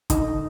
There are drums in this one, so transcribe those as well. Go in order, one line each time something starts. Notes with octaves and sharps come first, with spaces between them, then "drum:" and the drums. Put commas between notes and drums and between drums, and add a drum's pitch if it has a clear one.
D3 D#4, drum: kick, hi-hat